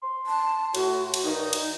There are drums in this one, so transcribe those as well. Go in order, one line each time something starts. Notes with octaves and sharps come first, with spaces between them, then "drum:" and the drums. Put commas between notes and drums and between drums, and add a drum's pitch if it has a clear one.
C6
A5
A2 F#4, drum: cymbal
drum: cymbal
G2 D#3 D#4
drum: cymbal